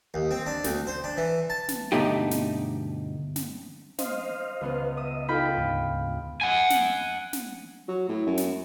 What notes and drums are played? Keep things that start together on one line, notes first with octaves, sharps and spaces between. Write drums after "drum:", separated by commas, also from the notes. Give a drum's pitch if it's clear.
D#2
C4
D4
D2, drum: snare
C5
D4
E3
A5
drum: snare
D2 G2 B2 A3 D#4 G4
drum: snare
drum: snare
C5 D#5 F5, drum: snare
C#2 B3
D#5 E5 D#6
D#4 F4 A4 G5 B5
D2 G#2
F#5 G#5
drum: snare
drum: snare
F#3
A2
F#2
drum: snare